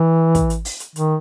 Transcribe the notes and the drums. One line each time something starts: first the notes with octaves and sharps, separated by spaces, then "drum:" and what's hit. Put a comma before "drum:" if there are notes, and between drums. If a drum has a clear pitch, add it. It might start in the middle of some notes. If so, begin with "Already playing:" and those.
Already playing: E3
drum: kick, hi-hat
drum: hi-hat
drum: open hi-hat
drum: hi-hat
D#3, drum: hi-hat